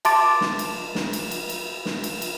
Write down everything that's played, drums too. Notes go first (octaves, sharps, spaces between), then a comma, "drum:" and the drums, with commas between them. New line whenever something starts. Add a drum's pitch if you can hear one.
E5 A5 C6 D6 A6 D7, drum: cymbal
drum: snare
drum: cymbal
drum: snare
drum: cymbal
drum: cymbal
drum: cymbal
drum: snare
drum: cymbal
drum: cymbal